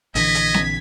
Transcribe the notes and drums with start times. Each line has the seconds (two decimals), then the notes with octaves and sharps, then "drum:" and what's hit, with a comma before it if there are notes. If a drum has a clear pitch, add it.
0.15 A#1 D3 E3 D#5 G#6 B6, drum: hi-hat
0.35 drum: hi-hat
0.54 drum: snare C4